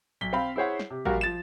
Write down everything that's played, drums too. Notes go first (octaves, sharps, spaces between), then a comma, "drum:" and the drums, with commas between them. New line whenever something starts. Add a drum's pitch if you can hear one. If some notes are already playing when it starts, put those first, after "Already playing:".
B1 B6 G7
C4 F5 B5
E4 G#4 C5 C#5 F#5
drum: snare
C3
A#1 G3 F#4 A#4 F5, drum: kick
F3 A6 E7